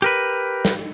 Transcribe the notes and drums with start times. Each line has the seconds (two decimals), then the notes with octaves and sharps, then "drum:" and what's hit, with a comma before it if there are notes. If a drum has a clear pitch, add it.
0.02 G4 A#4 B4
0.65 drum: snare